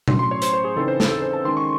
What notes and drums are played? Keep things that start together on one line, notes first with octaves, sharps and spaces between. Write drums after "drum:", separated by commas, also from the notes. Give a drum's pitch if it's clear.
A2 F#3 C#4 C6, drum: tom B2
C6
C#5
C5, drum: hi-hat
C5
G#4
C#3 E3 C4 D#4 A4
C5
A4, drum: snare
A4
C5
A5
D#3 G#3 C#4 C6
C#6